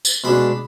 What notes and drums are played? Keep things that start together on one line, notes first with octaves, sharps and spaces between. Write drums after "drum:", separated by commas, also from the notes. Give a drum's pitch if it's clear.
drum: tambourine
B2 G#3 D4 B5